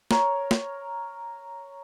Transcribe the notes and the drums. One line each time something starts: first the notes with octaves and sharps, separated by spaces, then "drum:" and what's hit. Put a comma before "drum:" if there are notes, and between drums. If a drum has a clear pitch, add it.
A#4 C#5, drum: snare
drum: snare